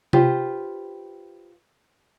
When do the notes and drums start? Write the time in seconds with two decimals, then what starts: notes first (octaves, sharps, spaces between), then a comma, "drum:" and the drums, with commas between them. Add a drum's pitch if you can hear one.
0.13 F4 G4 B4 C5, drum: tom C3